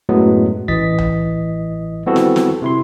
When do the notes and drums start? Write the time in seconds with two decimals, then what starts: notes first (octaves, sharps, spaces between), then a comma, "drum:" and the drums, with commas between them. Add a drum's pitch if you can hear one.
0.09 F#2 A2 F#3 G#3 A3 B3
0.68 A1 E3 D#5 A6 B6, drum: kick
0.98 drum: tom C2
2.06 G3 B3 C4 E4 F#4 A4
2.16 drum: snare
2.36 drum: snare
2.62 C3 E4 C6